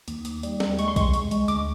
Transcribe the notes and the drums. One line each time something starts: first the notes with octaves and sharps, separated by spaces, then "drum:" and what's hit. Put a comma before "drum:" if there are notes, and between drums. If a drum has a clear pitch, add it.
D#2, drum: hi-hat
D#2, drum: hi-hat
G3, drum: hi-hat
G3, drum: snare
G#3 C#6, drum: hi-hat
C6
G#3 C#6, drum: kick B1, hi-hat
G#3, drum: hi-hat
G#3, drum: hi-hat
D2 D6, drum: hi-hat